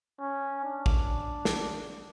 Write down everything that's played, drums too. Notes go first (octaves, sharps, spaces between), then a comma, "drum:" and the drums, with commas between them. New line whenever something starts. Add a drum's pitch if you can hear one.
C#4
D4
drum: kick A1
drum: snare